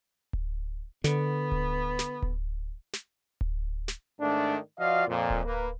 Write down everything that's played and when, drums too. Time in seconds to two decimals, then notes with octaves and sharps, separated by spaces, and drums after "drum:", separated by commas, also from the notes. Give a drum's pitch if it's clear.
0.33 drum: kick D1
1.04 D3 B3, drum: snare
1.52 drum: kick D1
1.99 drum: snare
2.22 drum: kick D1
2.93 drum: snare
3.41 drum: kick D1
3.88 drum: snare
4.20 G#2 D#3 A3 D4
4.79 F3 F4 F#4 D5 D#5 F5
5.08 F2 A#2
5.30 drum: kick D1
5.45 A#3 B4